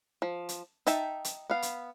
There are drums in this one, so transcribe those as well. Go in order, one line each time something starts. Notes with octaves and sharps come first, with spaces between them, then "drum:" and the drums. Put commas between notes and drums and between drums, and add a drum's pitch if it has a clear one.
F3
drum: hi-hat
D#4 E5 G5 A5, drum: hi-hat
drum: hi-hat
B3 F5
drum: hi-hat